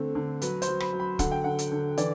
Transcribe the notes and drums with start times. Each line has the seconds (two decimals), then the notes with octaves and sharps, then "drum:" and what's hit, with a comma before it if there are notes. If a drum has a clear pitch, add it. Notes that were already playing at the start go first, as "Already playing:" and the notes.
Already playing: D3 A3 C4
0.15 D3
0.42 F#3 B4, drum: hi-hat
0.62 C5, drum: hi-hat
0.68 F#3
0.80 B5, drum: rim click
0.93 F#3
1.00 B5
1.19 D3 F#5, drum: kick, hi-hat
1.32 G5
1.44 D3 F#5
1.59 drum: hi-hat
1.72 D3
1.97 E3 D5, drum: hi-hat